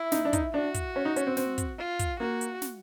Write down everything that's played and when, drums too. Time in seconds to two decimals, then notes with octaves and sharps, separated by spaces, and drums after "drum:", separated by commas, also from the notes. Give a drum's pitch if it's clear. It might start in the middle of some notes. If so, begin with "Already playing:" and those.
Already playing: E4
0.12 D#4, drum: snare
0.25 D4
0.33 D#4, drum: kick, hi-hat
0.54 D4 F#4
0.74 drum: kick, hi-hat
0.96 C#4
1.05 D#4
1.16 C#4, drum: hi-hat
1.27 C4
1.37 C4, drum: snare
1.58 drum: kick, hi-hat
1.79 F4
1.99 drum: kick, hi-hat
2.20 A#3 F#4
2.41 drum: hi-hat
2.62 drum: snare